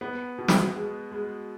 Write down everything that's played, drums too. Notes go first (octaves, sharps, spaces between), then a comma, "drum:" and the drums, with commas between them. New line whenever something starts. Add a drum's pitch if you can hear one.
B3
B2
drum: snare
G#3
G#3